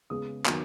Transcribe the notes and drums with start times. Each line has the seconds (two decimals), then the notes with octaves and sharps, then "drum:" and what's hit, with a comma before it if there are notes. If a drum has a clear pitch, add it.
0.10 C#3 G#3 B3 D#6
0.46 D#3 F#3 B3, drum: clap